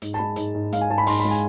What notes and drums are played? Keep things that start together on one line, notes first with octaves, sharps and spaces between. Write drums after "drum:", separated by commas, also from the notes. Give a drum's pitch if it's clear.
G#2, drum: hi-hat
A5
G#3 B5
G#2, drum: hi-hat
G#2
G#2 F5, drum: hi-hat
G#5
G#2 A5
B5
G#2 C6, drum: open hi-hat
G#3 B5
G#5